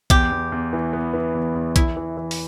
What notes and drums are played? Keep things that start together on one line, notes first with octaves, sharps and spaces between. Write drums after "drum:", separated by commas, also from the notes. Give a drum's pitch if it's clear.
E2 G4, drum: kick B1, hi-hat
E2
E2
E3
B3
E3
E2
E2
E3 E4, drum: kick B1, hi-hat
E3
E3
drum: open hi-hat